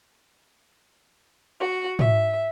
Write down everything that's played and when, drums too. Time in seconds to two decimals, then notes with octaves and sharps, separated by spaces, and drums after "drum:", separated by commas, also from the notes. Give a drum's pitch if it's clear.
1.59 F#4
1.99 E5, drum: tom